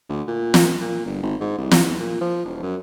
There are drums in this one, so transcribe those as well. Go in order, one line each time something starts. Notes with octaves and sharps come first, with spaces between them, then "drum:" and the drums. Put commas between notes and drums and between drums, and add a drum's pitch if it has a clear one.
D2
A#2
drum: snare
A#2
G1
G#1
G#2
C2
drum: snare
E2
A#2
F3
E1
F#2